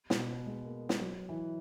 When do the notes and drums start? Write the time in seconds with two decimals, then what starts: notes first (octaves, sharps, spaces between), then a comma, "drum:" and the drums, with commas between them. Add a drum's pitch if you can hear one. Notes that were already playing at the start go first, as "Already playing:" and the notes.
0.10 B2, drum: snare
0.47 G#3
0.66 A#3
0.89 drum: snare
1.01 F#3
1.29 E3